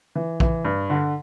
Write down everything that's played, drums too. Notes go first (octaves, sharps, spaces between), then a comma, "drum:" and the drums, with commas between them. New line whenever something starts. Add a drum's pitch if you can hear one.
E3
E3, drum: kick
G2
D3